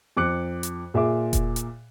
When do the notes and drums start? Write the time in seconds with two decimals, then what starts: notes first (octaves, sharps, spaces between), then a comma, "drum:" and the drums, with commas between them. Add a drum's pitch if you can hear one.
0.17 F2 D6 F#6 C#7
0.63 drum: hi-hat
0.94 A#2 G#4 E5 D6
1.33 drum: kick E1, hi-hat
1.56 drum: hi-hat